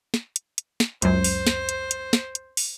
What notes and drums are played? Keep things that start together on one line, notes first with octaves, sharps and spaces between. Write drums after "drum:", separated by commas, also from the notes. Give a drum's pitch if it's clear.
drum: snare
drum: hi-hat
drum: hi-hat
drum: snare
C#2 F#2 F#3 C5, drum: hi-hat
drum: open hi-hat
drum: snare
drum: hi-hat
drum: hi-hat
drum: snare
drum: hi-hat
drum: open hi-hat